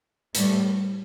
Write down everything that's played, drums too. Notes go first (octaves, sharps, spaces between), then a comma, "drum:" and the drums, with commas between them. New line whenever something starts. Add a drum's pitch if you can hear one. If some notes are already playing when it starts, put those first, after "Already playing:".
A2 G3 A3, drum: hi-hat